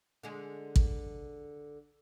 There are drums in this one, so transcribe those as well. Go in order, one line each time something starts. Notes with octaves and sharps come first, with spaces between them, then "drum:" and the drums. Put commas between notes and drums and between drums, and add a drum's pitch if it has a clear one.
D3 G#3
drum: kick